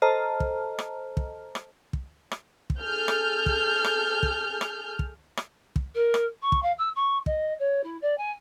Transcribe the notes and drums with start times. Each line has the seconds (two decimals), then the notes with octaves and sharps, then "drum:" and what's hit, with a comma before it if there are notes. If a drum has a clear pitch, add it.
0.02 A4 C5 D#5 A5 A#5 F6
0.40 drum: kick
0.79 drum: rim click
1.17 drum: kick
1.55 drum: rim click
1.93 drum: kick
2.31 drum: rim click
2.70 drum: kick
2.80 G#4 A4 F6 G6
3.08 drum: rim click
3.46 drum: kick
3.84 drum: rim click
4.23 drum: kick
4.61 drum: rim click
4.99 drum: kick
5.37 drum: rim click
5.76 drum: kick
5.95 A#4
6.14 drum: rim click
6.42 C#6
6.52 drum: kick
6.63 F5
6.78 E6
6.96 C#6
7.26 D#5, drum: kick
7.59 C#5
7.84 E4
8.02 D5
8.18 G#5